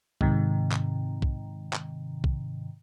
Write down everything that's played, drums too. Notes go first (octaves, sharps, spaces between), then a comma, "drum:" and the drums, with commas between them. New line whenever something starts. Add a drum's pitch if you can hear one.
G#2 C3 D#3, drum: kick
drum: clap
drum: kick
drum: clap
drum: kick